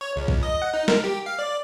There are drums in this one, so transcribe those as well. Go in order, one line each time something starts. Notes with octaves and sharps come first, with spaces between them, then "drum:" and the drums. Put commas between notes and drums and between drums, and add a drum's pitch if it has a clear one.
C#5
C#2
drum: kick B1
D#5
F#5
D#4
A#4, drum: snare
G4
F5
D5